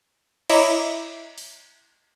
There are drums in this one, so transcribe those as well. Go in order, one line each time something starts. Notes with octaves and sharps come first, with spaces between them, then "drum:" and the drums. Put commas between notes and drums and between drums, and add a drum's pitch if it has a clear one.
E4 C#5 D#5 E5 A#5 D6, drum: cymbal
drum: open hi-hat